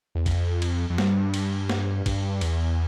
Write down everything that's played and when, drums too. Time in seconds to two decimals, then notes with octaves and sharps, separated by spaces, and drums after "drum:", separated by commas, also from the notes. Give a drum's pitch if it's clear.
0.15 E2
0.26 F2, drum: kick, cymbal
0.62 drum: cymbal
0.90 F2
0.98 G2, drum: snare
1.34 drum: cymbal
1.70 drum: snare
2.06 G2, drum: kick, cymbal
2.41 E2, drum: cymbal